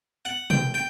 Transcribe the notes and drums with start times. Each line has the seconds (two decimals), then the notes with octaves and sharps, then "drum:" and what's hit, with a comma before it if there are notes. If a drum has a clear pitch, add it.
0.25 F#5
0.50 G5, drum: tom B2
0.74 G5